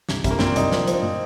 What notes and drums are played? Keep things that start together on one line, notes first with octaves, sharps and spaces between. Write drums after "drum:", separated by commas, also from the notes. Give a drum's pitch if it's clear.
C2, drum: snare
C2, drum: kick, hi-hat
A#3
A#2 C4, drum: snare
D4
C2 D#4, drum: hi-hat
F3, drum: snare
F3, drum: hi-hat
A#2